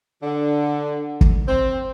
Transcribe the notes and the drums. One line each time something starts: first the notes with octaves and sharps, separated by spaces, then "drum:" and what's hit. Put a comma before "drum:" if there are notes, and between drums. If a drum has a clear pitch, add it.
D3
drum: kick
C4